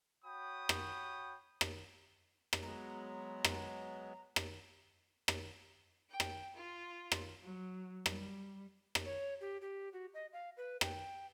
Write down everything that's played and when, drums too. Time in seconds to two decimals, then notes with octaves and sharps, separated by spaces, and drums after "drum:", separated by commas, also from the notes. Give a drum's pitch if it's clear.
0.25 F#4 C#5 G5 B5 D#6
0.69 drum: rim click
1.61 drum: rim click
2.53 drum: rim click
2.62 F#3 G#3 B3 A#5
3.44 drum: rim click
4.36 drum: rim click
5.28 drum: rim click
6.10 G5
6.20 drum: rim click
6.56 F4
7.12 drum: rim click
7.42 F#3
8.06 G3, drum: rim click
8.95 drum: rim click
9.05 C#5
9.41 G4
9.61 G4
9.93 F#4
10.14 D#5
10.33 F5
10.57 B4
10.81 G5, drum: rim click